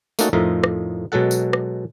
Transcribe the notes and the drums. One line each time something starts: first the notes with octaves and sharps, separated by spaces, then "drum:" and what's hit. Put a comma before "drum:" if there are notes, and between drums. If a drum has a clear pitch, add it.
A3 A#3 C#4 D#4 F#4 A4, drum: tambourine
F2 A2 F3 D#4 A#4 E5
drum: rim click
B2 F#3 G#3 A4 F#5
drum: tambourine
drum: rim click